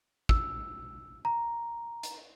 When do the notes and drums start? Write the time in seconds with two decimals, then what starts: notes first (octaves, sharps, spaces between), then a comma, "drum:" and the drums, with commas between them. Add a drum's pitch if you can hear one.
0.29 E6, drum: kick
1.25 A#5
2.03 drum: hi-hat